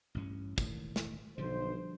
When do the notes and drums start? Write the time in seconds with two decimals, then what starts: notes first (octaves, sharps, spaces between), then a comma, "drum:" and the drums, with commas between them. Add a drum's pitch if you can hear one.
0.15 A1 G2 C#4
0.58 E1 A2 D#3, drum: kick, tambourine
0.96 drum: snare
1.38 B1 D3 F3 G3 C5